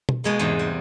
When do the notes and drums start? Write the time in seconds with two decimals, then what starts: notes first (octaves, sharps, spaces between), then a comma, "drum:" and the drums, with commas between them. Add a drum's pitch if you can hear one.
0.09 drum: tom B2
0.24 B2 G#3 A#3
0.39 E2 G#2 C3 E3
0.59 G3